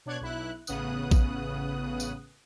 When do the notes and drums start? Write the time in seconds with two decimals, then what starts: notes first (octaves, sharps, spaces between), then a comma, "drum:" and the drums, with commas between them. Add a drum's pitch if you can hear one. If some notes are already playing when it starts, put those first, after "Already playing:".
0.06 B2 D4 C#5 D5 F#6 G#6
0.21 B1 E4 F#6
0.67 A1 C#3 B3 D#6 F#6, drum: tambourine
1.11 drum: kick A#1, tambourine
2.00 drum: tambourine